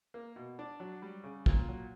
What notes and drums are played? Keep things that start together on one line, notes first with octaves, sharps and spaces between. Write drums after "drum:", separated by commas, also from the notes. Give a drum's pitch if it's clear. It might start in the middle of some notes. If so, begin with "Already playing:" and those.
A#3
B2
D4
F#3
G3
C#3
A#2, drum: kick
F#3